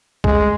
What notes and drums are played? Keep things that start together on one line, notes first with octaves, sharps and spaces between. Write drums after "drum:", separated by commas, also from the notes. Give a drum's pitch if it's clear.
G#3, drum: kick C2